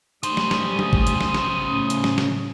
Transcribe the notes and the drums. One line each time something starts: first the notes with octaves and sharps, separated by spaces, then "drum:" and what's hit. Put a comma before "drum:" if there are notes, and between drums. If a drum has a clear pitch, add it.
C#3 G3 A3 D#4 G4 C5 D#6, drum: hi-hat
drum: snare
drum: snare
drum: tom F#3
drum: kick G#1
drum: hi-hat
drum: snare
drum: snare
A2 C#4
drum: hi-hat
drum: snare
drum: snare